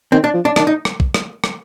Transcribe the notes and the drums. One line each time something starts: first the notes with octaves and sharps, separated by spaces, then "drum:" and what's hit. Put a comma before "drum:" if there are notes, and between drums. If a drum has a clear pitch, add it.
D#3 C4
D4
F3
D4
D#3 D4, drum: rim click
D#4
drum: rim click
drum: kick
drum: rim click
drum: rim click